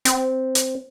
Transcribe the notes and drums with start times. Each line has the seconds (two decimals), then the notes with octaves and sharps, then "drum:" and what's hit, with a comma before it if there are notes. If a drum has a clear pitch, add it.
0.05 C4, drum: hi-hat
0.55 drum: hi-hat